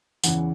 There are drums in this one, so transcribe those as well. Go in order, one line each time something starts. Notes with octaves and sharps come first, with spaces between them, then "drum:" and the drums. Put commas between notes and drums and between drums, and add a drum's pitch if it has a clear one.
E2 C#3 E3 F#5, drum: tambourine